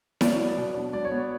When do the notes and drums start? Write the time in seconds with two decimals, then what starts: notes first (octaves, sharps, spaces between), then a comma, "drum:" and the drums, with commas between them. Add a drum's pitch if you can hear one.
0.21 F#3 D5, drum: snare E4
0.39 B3
0.58 B2
0.74 D4
0.93 F#3 D5
1.05 C#5
1.12 B3